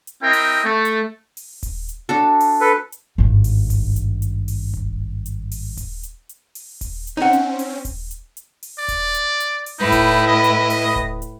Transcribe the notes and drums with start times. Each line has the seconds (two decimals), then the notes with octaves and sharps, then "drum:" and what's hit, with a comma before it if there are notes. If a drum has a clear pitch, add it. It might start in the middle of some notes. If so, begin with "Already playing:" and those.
0.07 drum: hi-hat
0.23 C4 E4 A#4 D#5 G5
0.33 drum: open hi-hat
0.65 A3
0.85 drum: hi-hat
1.37 drum: open hi-hat
1.63 drum: kick D#1, open hi-hat
1.89 drum: hi-hat
2.09 D4 F#4 A4
2.40 drum: open hi-hat
2.61 A4 B4
2.92 drum: hi-hat
3.18 G#1 G2
3.44 drum: open hi-hat
3.70 drum: kick D#1, open hi-hat
3.96 drum: hi-hat
4.22 drum: hi-hat
4.48 drum: open hi-hat
4.74 drum: kick D#1
5.26 drum: hi-hat
5.52 drum: open hi-hat
5.77 drum: kick D#1, open hi-hat
6.03 drum: hi-hat
6.29 drum: hi-hat
6.55 drum: open hi-hat
6.81 drum: kick D#1, open hi-hat
7.07 drum: hi-hat
7.17 C4 C#4 D#4 F#5
7.33 drum: hi-hat
7.59 drum: open hi-hat
7.85 drum: kick D#1, open hi-hat
8.11 drum: hi-hat
8.37 drum: hi-hat
8.63 drum: open hi-hat
8.79 D5
8.88 drum: kick D#1, open hi-hat
9.14 drum: hi-hat
9.40 drum: hi-hat
9.66 drum: open hi-hat
9.79 A2 D#4 E4 B4
9.92 drum: kick D#1, open hi-hat
10.27 D#5
10.44 drum: hi-hat
10.70 drum: open hi-hat
10.96 drum: kick D#1
11.22 drum: hi-hat